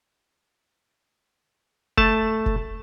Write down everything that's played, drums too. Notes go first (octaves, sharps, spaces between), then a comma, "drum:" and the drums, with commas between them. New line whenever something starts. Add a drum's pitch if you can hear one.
A3 A5, drum: kick F1
drum: kick F1